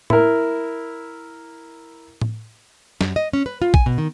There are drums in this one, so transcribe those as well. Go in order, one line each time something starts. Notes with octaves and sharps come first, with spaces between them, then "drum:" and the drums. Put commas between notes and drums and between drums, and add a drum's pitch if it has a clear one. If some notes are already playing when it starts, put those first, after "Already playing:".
E4 A#4, drum: tom A2
drum: tom A2
F#2, drum: snare
D#5
C#4
B4
F4
G#5, drum: kick
B2
D#3